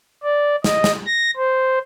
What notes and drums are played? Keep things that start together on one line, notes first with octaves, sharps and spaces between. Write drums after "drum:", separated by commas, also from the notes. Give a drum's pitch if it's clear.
D5
D#5, drum: snare
drum: snare
A#6
C5